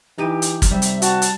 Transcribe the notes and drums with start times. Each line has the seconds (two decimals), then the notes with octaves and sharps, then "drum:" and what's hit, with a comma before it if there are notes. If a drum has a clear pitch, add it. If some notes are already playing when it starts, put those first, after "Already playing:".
0.18 E3 D#4 G4 D#7
0.42 drum: hi-hat
0.62 drum: kick, hi-hat
0.71 C3 G3 E5
0.82 drum: hi-hat
1.02 F#4 A5, drum: hi-hat
1.22 drum: hi-hat